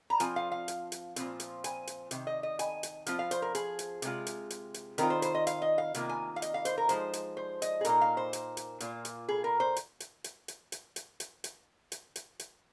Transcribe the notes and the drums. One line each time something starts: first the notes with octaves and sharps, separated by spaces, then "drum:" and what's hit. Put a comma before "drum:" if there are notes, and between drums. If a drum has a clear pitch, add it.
A#5
F3 C4 F4 G#5, drum: hi-hat
F5
F5
drum: hi-hat
drum: hi-hat
A#2 F3 C4 F4, drum: hi-hat
drum: hi-hat
G#5, drum: hi-hat
drum: hi-hat
C3 D#3, drum: hi-hat
D#5
D#5
G#5, drum: hi-hat
drum: hi-hat
F3 C4 F4, drum: hi-hat
F5
C5, drum: hi-hat
A#4
G#4, drum: hi-hat
drum: hi-hat
C3 G#3 F4, drum: hi-hat
drum: hi-hat
drum: hi-hat
drum: hi-hat
D#3 C4 F4 A#4, drum: hi-hat
C5
C5, drum: hi-hat
D#5
F5, drum: hi-hat
D#5
F5
C3 D#3 A#3 F4, drum: hi-hat
G#5
F5
D#5, drum: hi-hat
F5
C5, drum: hi-hat
A#4
F3 G#3 D#4 C5, drum: hi-hat
drum: hi-hat
C5
D#5, drum: hi-hat
G#4
A#2 A#3 D#4 A#4, drum: hi-hat
F5
C5
drum: hi-hat
drum: hi-hat
A#2 A#3 F4, drum: hi-hat
drum: hi-hat
G#4
A#4
C5
drum: hi-hat
drum: hi-hat
drum: hi-hat
drum: hi-hat
drum: hi-hat
drum: hi-hat
drum: hi-hat
drum: hi-hat
drum: hi-hat
drum: hi-hat
drum: hi-hat